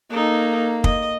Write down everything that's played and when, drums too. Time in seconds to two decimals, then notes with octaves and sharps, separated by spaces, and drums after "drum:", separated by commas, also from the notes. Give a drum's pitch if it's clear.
0.11 A#3 D#4 A4
0.84 D#5, drum: kick